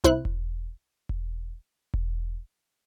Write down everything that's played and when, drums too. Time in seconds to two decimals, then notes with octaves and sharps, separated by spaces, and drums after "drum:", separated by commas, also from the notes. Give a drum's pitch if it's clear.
0.04 C2 E4 C5 F#6
0.25 drum: kick E1
1.09 drum: kick E1
1.94 drum: kick E1